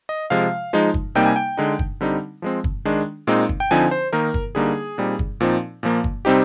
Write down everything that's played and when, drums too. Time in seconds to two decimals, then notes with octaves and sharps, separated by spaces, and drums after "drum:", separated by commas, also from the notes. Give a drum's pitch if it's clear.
0.09 D#5
0.30 C3 F3 G#3 F5
0.73 F3 G#3 D#4
0.94 drum: kick
1.15 C3 G3 A#3 D#4 G5
1.26 G#5
1.36 G5
1.57 D3 G#3 D#4
1.79 drum: kick
2.01 D3 G3 C4 D#4
2.42 F3 G#3 C4
2.64 drum: kick
2.85 D#3 G#3 D4
3.27 A#2 G#3 C4 D#4
3.49 drum: kick
3.60 G5
3.71 D3 F3 C4 D#4 G#5
3.91 C5
4.13 D#3 A#3 D#4 A#4
4.34 drum: kick
4.55 D3 G3 A#3 D#4 G#4
4.98 A#2 G3 C4 D#4
5.19 drum: kick
5.40 A#2 F3 C4 D#4
5.83 A#2 F3 A#3
6.04 drum: kick
6.25 C3 G3 C4 D#4 G4